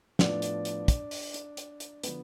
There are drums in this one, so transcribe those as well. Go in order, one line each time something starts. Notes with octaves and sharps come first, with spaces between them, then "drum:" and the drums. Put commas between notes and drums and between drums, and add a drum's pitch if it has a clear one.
A2 F3 B3 D4 D5, drum: snare
drum: hi-hat
drum: hi-hat
drum: kick, hi-hat
drum: open hi-hat
drum: hi-hat
drum: hi-hat
drum: hi-hat
D3 F3 B3 B4, drum: hi-hat